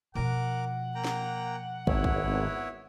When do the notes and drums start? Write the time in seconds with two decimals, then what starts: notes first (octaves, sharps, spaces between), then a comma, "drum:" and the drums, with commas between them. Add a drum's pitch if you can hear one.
0.15 B2 F3 A#4 F#5 D6
0.95 A#3 G5 A#5
1.04 drum: snare
1.87 G#1 B3 E4 C#5, drum: kick
2.04 drum: kick